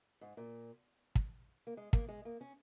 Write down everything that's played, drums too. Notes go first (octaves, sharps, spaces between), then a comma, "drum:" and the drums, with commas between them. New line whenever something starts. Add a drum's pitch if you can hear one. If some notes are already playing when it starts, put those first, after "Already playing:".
G#2
A#2
drum: kick
A#3
G#3
A#3, drum: kick
G#3
A#3
C#4